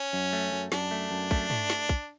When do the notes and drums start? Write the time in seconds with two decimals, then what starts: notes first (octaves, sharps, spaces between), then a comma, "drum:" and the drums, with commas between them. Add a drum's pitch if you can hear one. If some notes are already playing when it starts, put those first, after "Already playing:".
Already playing: C#4
0.13 F#2
0.33 A3
0.52 F#2
0.72 F#2 D4, drum: snare
0.91 A3
1.11 F#2
1.31 A3, drum: kick
1.50 A3, drum: tom
1.70 drum: snare
1.89 drum: kick